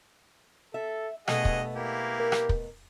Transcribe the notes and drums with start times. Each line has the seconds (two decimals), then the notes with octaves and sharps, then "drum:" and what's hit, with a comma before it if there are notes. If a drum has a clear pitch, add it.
0.74 A4 E5
1.28 G2 B2 A3 B3 G#4 D#5 F#5, drum: rim click
1.45 drum: kick
1.75 A#3 E4 G4
2.20 A#4
2.32 drum: rim click
2.49 drum: kick